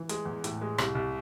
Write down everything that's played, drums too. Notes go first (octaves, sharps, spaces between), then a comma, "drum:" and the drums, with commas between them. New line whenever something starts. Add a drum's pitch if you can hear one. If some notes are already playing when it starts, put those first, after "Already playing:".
Already playing: E3
G#3, drum: hi-hat
E2
A2, drum: hi-hat
G#3
C2, drum: rim click
C2